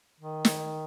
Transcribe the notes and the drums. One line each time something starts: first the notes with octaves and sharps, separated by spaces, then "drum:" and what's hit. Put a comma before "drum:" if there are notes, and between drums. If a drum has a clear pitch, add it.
D#3
drum: snare